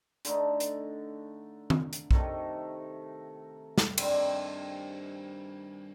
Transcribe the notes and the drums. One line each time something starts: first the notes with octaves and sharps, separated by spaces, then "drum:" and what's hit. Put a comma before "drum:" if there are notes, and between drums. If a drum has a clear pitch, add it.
D3 A3 D#4, drum: hi-hat
drum: hi-hat
drum: tom D#3
drum: hi-hat
C3 D#3 A3, drum: kick B1
drum: snare
G2 D#3 G3 C4, drum: cymbal